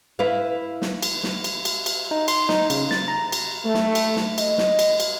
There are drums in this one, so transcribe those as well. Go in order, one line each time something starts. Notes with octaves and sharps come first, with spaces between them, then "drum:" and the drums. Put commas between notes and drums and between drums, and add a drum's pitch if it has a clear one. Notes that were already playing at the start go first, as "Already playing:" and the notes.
E4 B4 F5
drum: snare
drum: cymbal
drum: snare
drum: cymbal
drum: cymbal
drum: cymbal
D#4
C6, drum: cymbal
D#4, drum: snare
C#3, drum: cymbal
A6, drum: snare
A#5
drum: cymbal
A3
drum: snare
drum: cymbal
drum: snare
D#5, drum: cymbal
drum: snare
drum: cymbal
drum: cymbal